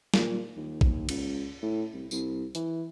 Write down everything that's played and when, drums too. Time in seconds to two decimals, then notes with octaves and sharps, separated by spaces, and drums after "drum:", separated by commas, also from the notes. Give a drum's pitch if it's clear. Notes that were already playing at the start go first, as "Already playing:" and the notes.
0.14 A#2, drum: snare
0.57 D#2
0.81 D#2, drum: kick
1.09 C#2, drum: cymbal
1.62 A2
1.93 C2
2.11 C2, drum: tambourine
2.55 E3, drum: hi-hat